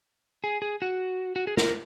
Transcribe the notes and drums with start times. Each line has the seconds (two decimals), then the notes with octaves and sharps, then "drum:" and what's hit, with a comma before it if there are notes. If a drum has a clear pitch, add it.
0.44 G#4
0.62 G#4
0.82 F#4
1.36 F#4
1.47 G#4
1.57 A#4, drum: snare